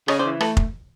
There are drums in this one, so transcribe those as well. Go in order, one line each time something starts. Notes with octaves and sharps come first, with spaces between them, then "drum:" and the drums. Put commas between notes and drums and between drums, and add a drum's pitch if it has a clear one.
C#3 C#5 D#5, drum: rim click
C5 D5
E3
A3 A4 B4, drum: rim click
drum: kick